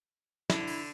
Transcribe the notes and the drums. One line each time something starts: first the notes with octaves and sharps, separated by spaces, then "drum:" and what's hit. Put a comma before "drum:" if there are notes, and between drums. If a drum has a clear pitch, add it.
D3 E4, drum: snare
drum: open hi-hat